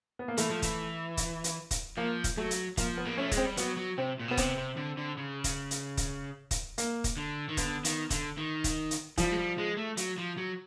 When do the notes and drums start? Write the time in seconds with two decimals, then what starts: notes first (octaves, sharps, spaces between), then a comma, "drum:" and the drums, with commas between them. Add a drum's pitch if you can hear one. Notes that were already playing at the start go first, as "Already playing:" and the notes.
0.19 B3
0.28 A#3
0.37 E3 A3, drum: hi-hat
0.50 F3
0.62 E3, drum: kick, hi-hat
1.17 drum: kick, hi-hat
1.44 drum: hi-hat
1.71 drum: kick, hi-hat
1.97 F3 A#3
2.24 drum: kick, hi-hat
2.37 F#3 A3
2.51 drum: hi-hat
2.77 F3 A#3, drum: kick, hi-hat
2.97 B3
3.05 A#3
3.17 A3 C#4
3.32 G#3, drum: kick, hi-hat
3.37 C4
3.45 G3
3.57 F#3 B3, drum: hi-hat
3.77 F#3
3.98 C3 C4
4.20 A#2
4.28 B2 B3
4.37 C3 C4, drum: kick, hi-hat
4.57 C3
4.77 D3
4.97 D3
5.17 C#3
5.44 drum: kick, hi-hat
5.71 drum: hi-hat
5.97 drum: kick, hi-hat
6.51 drum: kick, hi-hat
6.78 A#3, drum: hi-hat
7.04 drum: kick, hi-hat
7.17 D3
7.49 D#3
7.57 D3 B3, drum: kick, hi-hat
7.85 D#3, drum: hi-hat
8.10 D3, drum: kick, hi-hat
8.38 D#3
8.64 drum: kick, hi-hat
8.91 drum: hi-hat
9.18 F3 G3, drum: kick, hi-hat
9.32 G#3
9.38 G3
9.58 G#3
9.77 A3
9.97 F#3, drum: hi-hat
10.18 F3
10.37 F#3